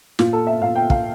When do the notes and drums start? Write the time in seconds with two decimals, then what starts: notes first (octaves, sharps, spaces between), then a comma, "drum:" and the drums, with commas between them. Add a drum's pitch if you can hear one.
0.19 A#2 F4, drum: snare
0.33 A4
0.47 E5
0.62 A#2 F5
0.75 G5
0.90 F5, drum: kick